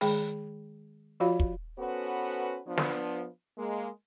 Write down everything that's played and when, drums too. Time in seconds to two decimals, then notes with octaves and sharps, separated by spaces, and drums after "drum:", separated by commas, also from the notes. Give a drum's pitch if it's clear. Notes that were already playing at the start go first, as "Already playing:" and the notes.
0.01 D#3 G#3 G#4 G5 B5, drum: open hi-hat
1.20 F3 F4 F#4 C#5 F5 B5
1.40 drum: kick
1.78 B3 C#4 F#4 A4 B4 C5
2.67 F3 B3 D4
2.78 drum: snare
3.58 G#3 A#3